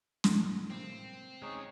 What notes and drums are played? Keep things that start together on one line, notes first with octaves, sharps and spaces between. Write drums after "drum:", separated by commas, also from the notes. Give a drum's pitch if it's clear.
G2 D#3 G#3, drum: snare
A2 C3 A#3 C4
G#3 D#4 G#4 C#5